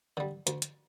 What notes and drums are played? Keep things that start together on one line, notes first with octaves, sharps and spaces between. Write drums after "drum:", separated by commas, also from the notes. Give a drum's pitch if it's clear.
D3 G3
D2, drum: hi-hat
drum: hi-hat